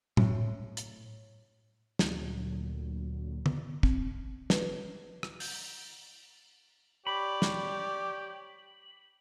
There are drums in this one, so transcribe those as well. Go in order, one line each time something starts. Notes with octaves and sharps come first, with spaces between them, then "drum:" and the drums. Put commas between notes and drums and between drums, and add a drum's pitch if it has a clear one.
A2, drum: tom A2
drum: hi-hat
D2 A#2 D3 F#3, drum: snare
drum: tom D3
C4, drum: kick
B4, drum: snare
drum: rim click
G6, drum: open hi-hat
G4 C#5 D5 B5
drum: snare